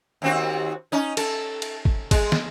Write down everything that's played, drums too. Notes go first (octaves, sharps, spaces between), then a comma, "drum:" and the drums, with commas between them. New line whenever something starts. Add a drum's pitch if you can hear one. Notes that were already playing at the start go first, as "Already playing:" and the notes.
D#2 C4 F#4
C#4 D#4
A4, drum: cymbal
drum: cymbal
drum: kick G#1
G#3, drum: kick G#1, cymbal
drum: snare